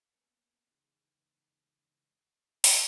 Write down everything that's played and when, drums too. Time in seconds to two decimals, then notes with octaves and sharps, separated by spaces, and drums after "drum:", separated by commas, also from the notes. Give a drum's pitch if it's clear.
0.13 A#3 B3 C#4 A4 A#4
0.71 C#3 E3 G#3 B3 D#4
2.64 drum: open hi-hat